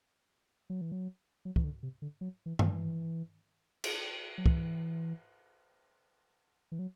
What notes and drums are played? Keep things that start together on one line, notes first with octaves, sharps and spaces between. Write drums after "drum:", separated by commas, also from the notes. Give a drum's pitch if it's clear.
F#3
E3
F#3
F#3
E3, drum: kick
D3
C3
D3
F#3
E3
drum: tom G2
E3
drum: cymbal
F#3
E3, drum: kick
E3
F#3